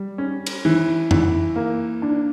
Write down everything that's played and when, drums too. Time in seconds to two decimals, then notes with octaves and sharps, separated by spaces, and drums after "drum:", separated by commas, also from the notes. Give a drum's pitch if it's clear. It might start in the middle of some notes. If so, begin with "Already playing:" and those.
Already playing: G3
0.18 C#4
0.46 drum: cymbal
0.65 E3
1.11 E3, drum: tom F2
1.56 A#3
2.02 D4